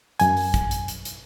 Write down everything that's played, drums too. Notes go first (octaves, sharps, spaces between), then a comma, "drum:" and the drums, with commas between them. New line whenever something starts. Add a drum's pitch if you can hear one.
F#2 G#5, drum: hi-hat
drum: open hi-hat
drum: kick, hi-hat
drum: hi-hat
drum: hi-hat
drum: hi-hat